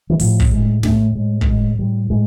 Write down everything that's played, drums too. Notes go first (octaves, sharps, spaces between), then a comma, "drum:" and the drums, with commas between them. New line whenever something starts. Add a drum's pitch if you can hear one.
E3
A2 F3, drum: open hi-hat
drum: kick
A2 G#3
A2 A3, drum: snare
A2 G#3
A3, drum: kick
A2 G#3
A2 G3
A2 G#3